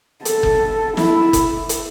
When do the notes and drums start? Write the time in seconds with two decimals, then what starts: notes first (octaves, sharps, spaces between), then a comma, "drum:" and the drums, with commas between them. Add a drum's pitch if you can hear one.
0.25 A4, drum: hi-hat
0.43 drum: kick F#1
0.97 E4, drum: snare
1.33 drum: kick F#1, hi-hat
1.69 drum: hi-hat